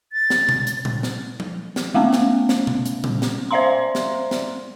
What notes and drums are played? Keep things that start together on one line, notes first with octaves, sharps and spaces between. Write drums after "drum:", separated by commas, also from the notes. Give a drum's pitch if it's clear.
A6
drum: snare
drum: tom B2
drum: hi-hat
drum: tom A#2
drum: snare
drum: tom F3
drum: snare
G#3 A3 B3 C#4
drum: snare
drum: snare
drum: tom B2
drum: hi-hat
drum: tom A#2
drum: snare
C5 D5 E5 F5 A#5 C6
drum: snare
drum: snare